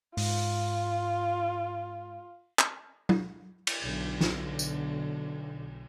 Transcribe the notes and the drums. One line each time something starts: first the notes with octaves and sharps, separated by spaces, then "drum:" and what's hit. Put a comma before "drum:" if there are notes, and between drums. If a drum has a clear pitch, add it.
G#2 F4, drum: open hi-hat
drum: clap
drum: tom F#3
drum: cymbal
B1 D3
drum: snare
drum: tambourine